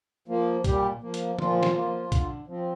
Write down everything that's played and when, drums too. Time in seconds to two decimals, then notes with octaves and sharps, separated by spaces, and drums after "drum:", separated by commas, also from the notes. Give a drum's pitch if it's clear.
0.28 F3 A#3
0.64 A#2 G3 G4, drum: kick B1, hi-hat
1.02 F3 A#3
1.14 drum: hi-hat
1.39 A#2 F3 F4, drum: tom D3
1.63 drum: snare
1.75 F3 A#3
2.12 D3, drum: kick B1, hi-hat
2.48 F3 C4